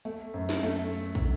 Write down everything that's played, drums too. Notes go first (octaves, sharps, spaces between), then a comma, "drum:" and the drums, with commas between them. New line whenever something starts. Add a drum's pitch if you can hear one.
A3, drum: tambourine
F#2
drum: snare
A3
drum: tambourine
drum: kick, tambourine